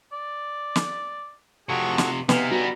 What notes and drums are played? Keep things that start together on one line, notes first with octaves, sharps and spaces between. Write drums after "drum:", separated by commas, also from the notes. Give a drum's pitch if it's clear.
D5
drum: snare
F2 C3 F#4 G#4 A4 C#6
drum: snare
C3 B3 D#4 F5 G#5, drum: snare
G3 B3 F#4 A#5